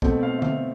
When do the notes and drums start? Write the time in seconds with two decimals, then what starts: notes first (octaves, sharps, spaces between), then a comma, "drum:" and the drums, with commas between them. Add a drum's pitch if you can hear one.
0.02 B2 A3 C4, drum: kick
0.23 F5
0.39 E5
0.42 F5, drum: tom D3